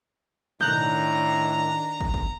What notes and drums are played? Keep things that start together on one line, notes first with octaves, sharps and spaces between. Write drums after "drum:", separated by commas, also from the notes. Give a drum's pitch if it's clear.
A2 D#3 D4 A#5 F#6 G6, drum: tom B2
drum: kick
drum: kick